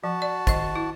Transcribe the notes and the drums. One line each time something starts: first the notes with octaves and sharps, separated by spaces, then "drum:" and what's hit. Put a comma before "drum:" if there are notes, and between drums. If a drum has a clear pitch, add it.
F3 F#4 A5
D5
D#3 D#5, drum: kick, hi-hat
E4